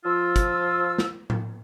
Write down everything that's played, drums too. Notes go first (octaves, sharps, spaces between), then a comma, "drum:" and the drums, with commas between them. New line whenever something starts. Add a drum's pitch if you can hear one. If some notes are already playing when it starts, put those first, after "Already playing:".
F3 F4 E6
drum: kick, hi-hat
drum: snare
drum: tom A2